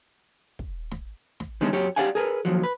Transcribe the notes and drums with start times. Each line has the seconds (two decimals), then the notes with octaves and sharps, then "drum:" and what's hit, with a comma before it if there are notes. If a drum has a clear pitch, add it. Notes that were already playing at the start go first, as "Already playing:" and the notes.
0.59 drum: kick
0.91 drum: snare
1.40 drum: snare
1.61 D#3 G3 G#3 B3 C#4 D4
1.72 F#2 G4 C#5
1.96 G4 A#4 D5 F5 F#5 G#5
2.15 G#4 A#4 B4
2.45 D#2 F3 F#3
2.63 B4